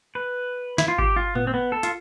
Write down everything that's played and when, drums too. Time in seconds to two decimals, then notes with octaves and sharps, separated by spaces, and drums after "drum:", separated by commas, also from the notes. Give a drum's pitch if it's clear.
0.15 B4
0.78 E4, drum: snare
0.88 F4
0.98 G4, drum: kick G#1
1.16 F4
1.35 B3, drum: tom A2
1.47 C4
1.54 B3
1.72 A4
1.83 F4, drum: hi-hat